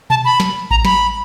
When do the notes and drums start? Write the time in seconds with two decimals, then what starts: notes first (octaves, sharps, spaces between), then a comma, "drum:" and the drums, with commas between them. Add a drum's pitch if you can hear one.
0.10 A5, drum: tom B2
0.25 B5
0.40 drum: snare
0.71 A#5, drum: kick A1
0.85 B5, drum: snare